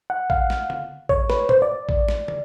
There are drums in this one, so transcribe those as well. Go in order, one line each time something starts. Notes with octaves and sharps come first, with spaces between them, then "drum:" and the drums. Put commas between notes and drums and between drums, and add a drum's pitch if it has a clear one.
F#5
F5, drum: kick
drum: snare
drum: tom D3
C#5, drum: kick
B4, drum: snare
C5, drum: tom
D5
drum: kick
drum: snare
drum: tom